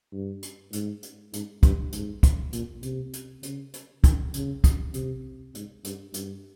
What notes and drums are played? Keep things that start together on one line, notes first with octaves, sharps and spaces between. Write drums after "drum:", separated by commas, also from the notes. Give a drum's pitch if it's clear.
G2
drum: hi-hat
G#2, drum: hi-hat
drum: hi-hat
G#2, drum: hi-hat
G2, drum: kick, hi-hat
G#2, drum: hi-hat
drum: kick, hi-hat
A#2, drum: hi-hat
C3, drum: hi-hat
drum: hi-hat
C#3, drum: hi-hat
drum: hi-hat
D#3, drum: kick, hi-hat
C#3, drum: hi-hat
drum: kick, hi-hat
C3, drum: hi-hat
G#2, drum: hi-hat
G2, drum: hi-hat
G2, drum: hi-hat